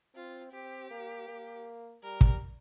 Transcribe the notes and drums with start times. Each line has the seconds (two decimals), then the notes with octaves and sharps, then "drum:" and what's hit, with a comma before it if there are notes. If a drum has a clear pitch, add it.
0.15 C4 F4
0.52 C4 G4
0.91 A#3
1.28 A#3
2.03 G3 A#4
2.21 drum: kick